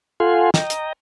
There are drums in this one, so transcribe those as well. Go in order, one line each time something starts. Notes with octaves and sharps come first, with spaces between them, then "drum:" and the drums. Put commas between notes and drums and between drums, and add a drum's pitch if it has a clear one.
F4 A4 F5 F#5 G#5 C6
D#5 G5 A#5, drum: snare
drum: hi-hat